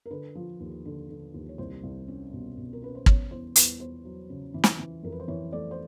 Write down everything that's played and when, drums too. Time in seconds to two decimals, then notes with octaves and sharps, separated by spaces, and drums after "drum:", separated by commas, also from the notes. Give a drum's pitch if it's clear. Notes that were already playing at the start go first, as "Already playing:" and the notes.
0.06 A#4
0.11 D3 B4
0.35 F3
0.60 D#2
0.85 D3
1.09 D3
1.34 D#2
1.49 C#5
1.58 C2 C5
1.83 C2
2.08 C#4
2.33 B2
2.57 B2
2.73 A#4
2.82 C#4 B4
2.95 C5
3.06 B3 C#5, drum: kick
3.31 E2 C5
3.56 E2 B4, drum: hi-hat
3.80 B3 C5
4.05 F#3
4.30 C#3
4.54 E3
4.64 drum: snare
4.79 E3
5.03 F2 A#4
5.12 B4
5.20 C5
5.28 E3 C#5
5.53 A3 D5
5.71 C5